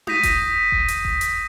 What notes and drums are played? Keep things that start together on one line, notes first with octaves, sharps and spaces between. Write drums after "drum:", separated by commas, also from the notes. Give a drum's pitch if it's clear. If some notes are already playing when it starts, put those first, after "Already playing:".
D#6 G6 A#6 B6 D#7, drum: tom D#4
drum: kick F1, hi-hat
drum: kick F1
drum: hi-hat
drum: kick F1
drum: hi-hat